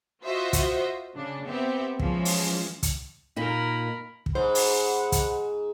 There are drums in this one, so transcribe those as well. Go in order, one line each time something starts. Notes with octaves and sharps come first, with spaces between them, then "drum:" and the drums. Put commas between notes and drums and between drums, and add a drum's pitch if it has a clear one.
F4 F#4 C5 D#5 E5
drum: kick, hi-hat
C#3 D4
B3 C4 G4 E5
E3 F3 G#3 C#4, drum: kick
drum: open hi-hat
drum: kick, hi-hat
A#2 A#3 D#4 A#4 B5
drum: kick
G#2 C5 F#5 B5
drum: open hi-hat
drum: kick, hi-hat